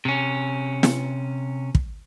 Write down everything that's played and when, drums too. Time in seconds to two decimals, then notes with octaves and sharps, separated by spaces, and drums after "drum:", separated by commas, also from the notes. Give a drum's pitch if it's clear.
0.05 C3 C#4
0.83 drum: snare
1.75 drum: kick